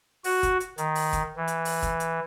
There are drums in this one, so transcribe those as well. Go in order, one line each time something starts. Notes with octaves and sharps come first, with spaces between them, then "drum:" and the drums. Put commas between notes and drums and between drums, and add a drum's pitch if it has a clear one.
F#4, drum: open hi-hat
drum: kick, hi-hat
drum: hi-hat
D#3, drum: hi-hat
drum: open hi-hat
drum: kick, hi-hat
E3
drum: hi-hat
drum: open hi-hat
drum: kick, hi-hat
drum: hi-hat